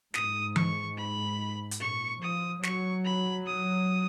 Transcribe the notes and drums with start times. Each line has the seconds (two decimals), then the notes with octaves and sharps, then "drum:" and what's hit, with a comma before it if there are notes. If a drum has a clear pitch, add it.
0.14 G#2 D#6, drum: snare
0.56 C#6, drum: tom E3
0.97 B5
1.71 drum: hi-hat
1.80 A#2 C#6
2.22 F3 D#6
2.63 F#3 C#6, drum: snare
3.05 B5
3.46 D#6